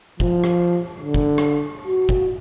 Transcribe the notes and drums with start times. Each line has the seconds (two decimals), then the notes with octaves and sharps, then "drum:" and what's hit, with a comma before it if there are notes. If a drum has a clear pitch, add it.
0.20 F3, drum: kick
0.44 drum: rim click
1.01 D3
1.14 drum: kick
1.38 drum: rim click
1.87 F#4
2.09 drum: kick